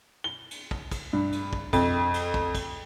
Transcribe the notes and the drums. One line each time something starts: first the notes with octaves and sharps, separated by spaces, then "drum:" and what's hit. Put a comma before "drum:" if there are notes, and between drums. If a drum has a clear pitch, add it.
G7
drum: cymbal
drum: kick
drum: kick, cymbal
G2
drum: cymbal
drum: kick
F2, drum: kick, cymbal
drum: cymbal
drum: kick
drum: kick, cymbal